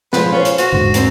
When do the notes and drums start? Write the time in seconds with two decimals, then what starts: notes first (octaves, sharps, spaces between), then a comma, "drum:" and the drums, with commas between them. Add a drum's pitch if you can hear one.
0.13 F3 G#3 B4, drum: snare
0.32 C#4 F4 C5
0.45 drum: hi-hat
0.58 F#4 C5, drum: hi-hat
0.72 E2 G#2 D3
0.94 F#2 C4, drum: hi-hat